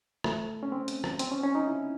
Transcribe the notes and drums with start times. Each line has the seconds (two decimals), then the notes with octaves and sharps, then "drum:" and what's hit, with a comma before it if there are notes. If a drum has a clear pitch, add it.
0.24 A3, drum: rim click
0.63 C#4
0.72 C4
0.88 drum: hi-hat
1.04 drum: rim click
1.19 C4, drum: hi-hat
1.31 C#4
1.43 C#4
1.55 D#4
1.67 E4